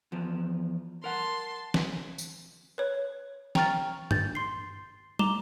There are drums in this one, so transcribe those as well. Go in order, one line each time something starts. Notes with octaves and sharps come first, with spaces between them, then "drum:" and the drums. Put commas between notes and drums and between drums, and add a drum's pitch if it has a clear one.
E2 F3
A#4 F#5 A5 C6
drum: snare
drum: tambourine
B4 C#5
G5 A#5 C#6 F6 A6, drum: snare
G6 A6, drum: tom G2
C6 C7
A#5 D6 E7 G7, drum: tom